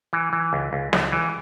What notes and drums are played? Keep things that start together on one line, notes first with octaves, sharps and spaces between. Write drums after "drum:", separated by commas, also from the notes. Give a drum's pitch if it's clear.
E3
E3
C#2
C#2
C#2, drum: snare
E3